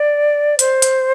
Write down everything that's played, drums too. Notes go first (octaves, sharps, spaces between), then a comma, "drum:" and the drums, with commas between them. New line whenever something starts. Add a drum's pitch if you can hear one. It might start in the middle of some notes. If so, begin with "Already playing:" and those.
Already playing: D5
C5, drum: hi-hat
drum: hi-hat